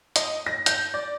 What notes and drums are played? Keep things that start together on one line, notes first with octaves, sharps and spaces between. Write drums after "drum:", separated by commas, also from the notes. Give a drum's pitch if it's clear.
D#5, drum: hi-hat
A#6
G6, drum: hi-hat
D5